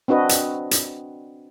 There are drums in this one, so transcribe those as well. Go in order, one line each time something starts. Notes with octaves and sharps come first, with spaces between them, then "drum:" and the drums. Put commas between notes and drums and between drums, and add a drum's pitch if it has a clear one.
C4 D4 F#4 B4 D#5
drum: hi-hat
drum: hi-hat